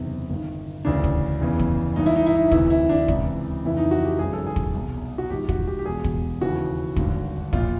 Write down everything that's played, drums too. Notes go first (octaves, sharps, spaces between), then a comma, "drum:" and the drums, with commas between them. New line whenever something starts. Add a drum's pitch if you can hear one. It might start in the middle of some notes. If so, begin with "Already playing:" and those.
Already playing: F#1 E2 C3 D#3
G1 G2 D#3
D2 C#3 E3 D4
drum: kick
F1 E2 C#3 E3
drum: kick
G#1 G2 E3 D#4
E4
D#4
E4
D#4
D2 C3 E3 E4, drum: kick
E4
D4
C#2 C3 E3, drum: kick
F1 F2 C#3 E3 E4
D#4
F#4
G4
G#1 F#2 C#3 E3 G#4
A4
G#4
drum: kick
C2 B2
F#4
A#1 G#2 D#3 G4
F#4, drum: kick
G4
G4
E1 E2 B2 G#4
drum: kick
D#2 C#3 E3 F#4
G#1 G2 D3, drum: kick
A#1 A#2 F4, drum: kick